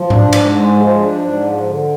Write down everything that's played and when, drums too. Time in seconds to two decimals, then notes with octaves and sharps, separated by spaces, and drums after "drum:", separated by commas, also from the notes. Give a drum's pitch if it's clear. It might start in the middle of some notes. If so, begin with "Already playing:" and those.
Already playing: F3
0.10 D4, drum: tom G#2
0.33 G#2, drum: cymbal
0.55 G#3
0.77 F3
0.99 D4
1.22 G#2
1.44 F3
1.66 D3